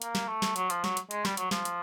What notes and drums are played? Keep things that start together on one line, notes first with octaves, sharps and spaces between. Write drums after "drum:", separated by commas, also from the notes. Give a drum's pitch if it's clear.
A#3, drum: hi-hat
drum: snare
A3
drum: snare
F#3, drum: hi-hat
F3, drum: hi-hat
F#3, drum: snare
drum: hi-hat
G#3, drum: hi-hat
G3, drum: snare
F#3, drum: hi-hat
F3, drum: snare
drum: hi-hat